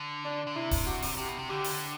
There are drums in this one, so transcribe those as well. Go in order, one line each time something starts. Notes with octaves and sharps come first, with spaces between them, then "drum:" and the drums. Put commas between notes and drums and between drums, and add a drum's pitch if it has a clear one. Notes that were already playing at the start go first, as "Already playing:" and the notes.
Already playing: D3
D4
D3
C3 E4
drum: kick, open hi-hat
F#4
drum: open hi-hat
C3 G4
B2
C3
D3 G4
drum: open hi-hat